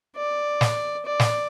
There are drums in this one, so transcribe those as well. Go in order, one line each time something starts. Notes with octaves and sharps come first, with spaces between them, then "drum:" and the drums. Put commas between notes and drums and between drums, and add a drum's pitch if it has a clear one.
D5
drum: snare
D5
drum: snare